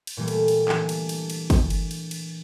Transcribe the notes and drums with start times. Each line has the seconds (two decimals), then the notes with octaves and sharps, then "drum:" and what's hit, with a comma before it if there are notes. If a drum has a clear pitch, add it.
0.07 drum: cymbal
0.17 A#2 E3 G3 A3
0.28 drum: cymbal
0.48 drum: cymbal
0.68 E3 D4, drum: clap
0.89 drum: cymbal
1.09 drum: cymbal
1.30 drum: cymbal
1.50 drum: kick, cymbal
1.70 drum: cymbal
1.91 drum: cymbal
2.11 drum: cymbal